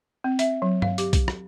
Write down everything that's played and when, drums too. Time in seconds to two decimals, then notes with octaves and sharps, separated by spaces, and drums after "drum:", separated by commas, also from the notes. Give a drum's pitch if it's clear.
0.24 C4
0.39 E5, drum: hi-hat
0.62 F#3
0.82 F5, drum: tom G2
0.98 G4, drum: hi-hat
1.13 drum: kick B1, hi-hat
1.28 drum: rim click